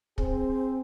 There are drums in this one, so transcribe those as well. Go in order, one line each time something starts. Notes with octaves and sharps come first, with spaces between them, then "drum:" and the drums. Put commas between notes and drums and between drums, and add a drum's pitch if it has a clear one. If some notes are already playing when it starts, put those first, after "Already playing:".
C4 G#4 C5, drum: kick